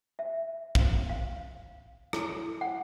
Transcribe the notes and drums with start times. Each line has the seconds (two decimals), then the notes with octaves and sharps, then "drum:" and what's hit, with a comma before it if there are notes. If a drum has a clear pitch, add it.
0.19 E5
0.75 F5, drum: kick
1.09 F5
2.13 E4, drum: rim click
2.61 F#5